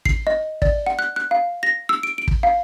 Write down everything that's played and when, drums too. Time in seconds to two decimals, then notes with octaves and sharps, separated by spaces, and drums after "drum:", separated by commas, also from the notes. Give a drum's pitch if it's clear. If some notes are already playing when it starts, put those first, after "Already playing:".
0.05 C7, drum: kick
0.27 D#5
0.62 D5, drum: kick
0.86 F#5
0.99 F#6
1.16 F#6
1.31 F5
1.63 A#6
1.89 E6
2.03 D7
2.18 D7
2.28 drum: kick
2.43 F5